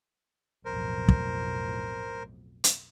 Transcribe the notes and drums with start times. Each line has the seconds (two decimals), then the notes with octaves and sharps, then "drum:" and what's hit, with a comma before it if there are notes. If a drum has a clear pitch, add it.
0.65 B1 F2 A2 A#4 C5
1.08 drum: kick
2.64 drum: hi-hat